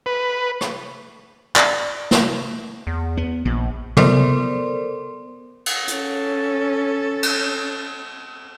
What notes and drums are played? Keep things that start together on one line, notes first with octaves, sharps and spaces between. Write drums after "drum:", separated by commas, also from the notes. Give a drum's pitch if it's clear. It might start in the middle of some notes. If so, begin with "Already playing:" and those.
B4
drum: rim click
D5, drum: clap
drum: snare
E2
B3
A#1 A#2
B3 A4 A#4 C5 D5 C6, drum: tom
drum: cymbal
C#4 A4, drum: hi-hat
drum: cymbal